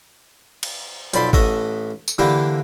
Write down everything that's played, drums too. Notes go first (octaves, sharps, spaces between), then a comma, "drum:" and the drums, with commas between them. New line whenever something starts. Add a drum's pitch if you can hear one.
drum: cymbal
B1 F2 D5 A5 B5 C6, drum: hi-hat
A1 A3 D#5 E5 F#5 D#6, drum: kick G#1
drum: tambourine
D3 E3 A#3 D4 E4 G4